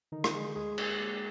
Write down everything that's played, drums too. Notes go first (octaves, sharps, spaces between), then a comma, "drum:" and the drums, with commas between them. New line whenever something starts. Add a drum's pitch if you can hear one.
D3 D#3 D#4
drum: rim click
D3 G#3 G#4
D2 G#3 G#4
A#3, drum: cymbal
A#3